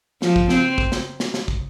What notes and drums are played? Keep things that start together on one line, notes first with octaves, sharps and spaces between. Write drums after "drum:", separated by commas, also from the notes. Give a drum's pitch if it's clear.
F3, drum: snare
drum: kick
C4, drum: snare
drum: kick
drum: snare
drum: snare
drum: snare
drum: kick